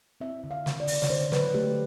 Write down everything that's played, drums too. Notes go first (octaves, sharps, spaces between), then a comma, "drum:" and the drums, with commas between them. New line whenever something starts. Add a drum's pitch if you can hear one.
C4 E5
D3
F5
D3, drum: snare
D5
D3, drum: open hi-hat
D5
C#5, drum: snare
D3 C5
F#3 B4, drum: snare
A3 G4